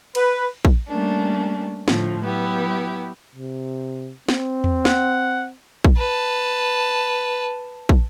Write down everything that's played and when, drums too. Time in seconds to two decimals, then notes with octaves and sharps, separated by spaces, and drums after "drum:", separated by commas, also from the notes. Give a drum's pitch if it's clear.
0.15 B4, drum: cymbal
0.65 drum: kick
0.88 G3 A3 A#3 C#4 D4
1.88 A2 D3 F3, drum: snare
2.24 F#3 B3 E4 G4
3.35 C3
4.28 C4, drum: snare
4.64 drum: tom E2
4.85 F#5, drum: snare
5.84 drum: kick
5.97 B4 A5
7.89 drum: kick